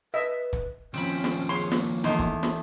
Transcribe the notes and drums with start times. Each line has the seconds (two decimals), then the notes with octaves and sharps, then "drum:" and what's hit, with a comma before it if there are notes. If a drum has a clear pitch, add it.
0.14 B4 D#5 E5
0.53 drum: kick
0.94 D#2 F3 C4 C#4 B5
1.24 drum: snare
1.49 G#4 C#5 C6
1.72 A#3, drum: snare
2.04 E2 A3 D#4 C6
2.19 drum: kick
2.43 drum: snare